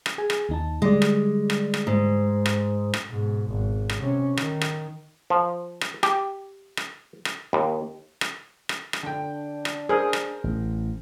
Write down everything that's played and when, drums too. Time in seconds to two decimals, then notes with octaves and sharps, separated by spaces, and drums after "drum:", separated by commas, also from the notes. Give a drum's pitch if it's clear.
0.06 drum: rim click
0.18 G#4 G#5
0.30 drum: rim click
0.49 D#2 D#4 A5
0.82 D3 G3 G#3 D5
1.02 drum: rim click
1.50 drum: rim click
1.74 drum: rim click
1.87 G#2
2.46 drum: rim click
2.94 drum: rim click
3.09 G#2 B2
3.50 G#1
3.89 drum: rim click
3.99 C3 C#4
4.37 D#3, drum: rim click
4.61 drum: rim click
5.30 F3
5.81 drum: rim click
6.03 G4, drum: rim click
6.77 drum: rim click
7.25 drum: rim click
7.53 D#2
8.21 drum: rim click
8.69 drum: rim click
8.93 drum: rim click
9.03 D3 D4 G5
9.65 drum: rim click
9.89 G#4 A#4 C5
10.13 drum: rim click
10.44 A1